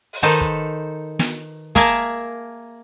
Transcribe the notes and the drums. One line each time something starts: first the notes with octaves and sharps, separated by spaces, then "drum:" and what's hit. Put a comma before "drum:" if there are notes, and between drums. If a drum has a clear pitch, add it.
drum: open hi-hat
D#3 D#4 A4 B4 C5
drum: kick
drum: snare
A#3 G#4 A#4 E5 A5, drum: kick